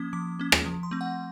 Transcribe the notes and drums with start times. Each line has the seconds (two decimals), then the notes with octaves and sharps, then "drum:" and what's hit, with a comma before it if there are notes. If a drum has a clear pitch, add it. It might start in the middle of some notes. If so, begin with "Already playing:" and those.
Already playing: F3 A#3 C#4 D#6
0.13 F3 D6
0.39 A#3 C#4
0.52 drum: rim click
0.66 F3
0.83 C6
0.91 A3 C4
1.01 F#5